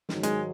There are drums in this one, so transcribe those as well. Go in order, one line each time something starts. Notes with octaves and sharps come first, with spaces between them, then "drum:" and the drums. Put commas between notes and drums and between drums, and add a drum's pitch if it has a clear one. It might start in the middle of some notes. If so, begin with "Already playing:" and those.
G#2 D#3 F#3, drum: snare
G#3, drum: hi-hat